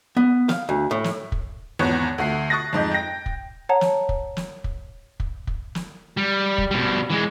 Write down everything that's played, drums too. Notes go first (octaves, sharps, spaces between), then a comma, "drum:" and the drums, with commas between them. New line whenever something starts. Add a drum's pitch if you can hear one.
B3
F5, drum: snare
D2
A2
drum: snare
drum: kick
G#1 E2 B3 C#5 C#6 F#6
D2 A3 F#5 C7
C#6 D#6 F#6 A6 A#6
F2 G#2 D#5 G6
G5 A#6
drum: kick
C#5 F#5 A5 A#5
drum: snare
drum: kick
drum: snare
drum: kick
drum: kick
drum: kick
drum: snare
G3
drum: kick
B2 G3
E3 G#3